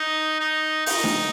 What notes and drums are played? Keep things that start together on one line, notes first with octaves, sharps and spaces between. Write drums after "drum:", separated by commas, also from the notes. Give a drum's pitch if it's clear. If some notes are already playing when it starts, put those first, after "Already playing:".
Already playing: D#4
D#4
D#4, drum: open hi-hat
drum: snare D4